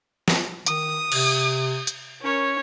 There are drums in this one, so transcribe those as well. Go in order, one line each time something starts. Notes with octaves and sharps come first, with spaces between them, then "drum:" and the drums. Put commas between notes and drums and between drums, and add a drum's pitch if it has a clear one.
drum: snare
D#3 D#6, drum: hi-hat
C3, drum: cymbal
drum: hi-hat
C#4 A#4 C#5